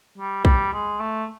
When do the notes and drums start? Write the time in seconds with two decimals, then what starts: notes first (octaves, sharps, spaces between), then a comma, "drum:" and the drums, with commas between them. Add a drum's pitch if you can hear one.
0.18 G3
0.45 G3, drum: kick B1
0.73 G#3
1.00 A3